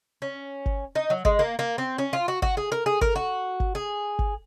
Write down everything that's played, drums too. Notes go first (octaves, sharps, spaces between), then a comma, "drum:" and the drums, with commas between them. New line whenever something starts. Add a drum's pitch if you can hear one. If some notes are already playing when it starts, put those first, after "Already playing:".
C#4
drum: kick G#1
D#4
F#3
G#3, drum: kick G#1
A#3
A#3
C4
C#4
F4
F#4
F#4, drum: kick G#1
G#4
A#4
G#4
A#4, drum: kick G#1
F#4
drum: kick G#1
G#4
drum: kick G#1